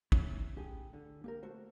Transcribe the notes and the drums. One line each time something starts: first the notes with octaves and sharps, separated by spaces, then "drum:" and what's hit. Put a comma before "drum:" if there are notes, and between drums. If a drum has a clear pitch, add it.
C#4 E4 B5, drum: kick
A2 G4 G#4
D3
A#3 G4 A#4
A3 F#4 C5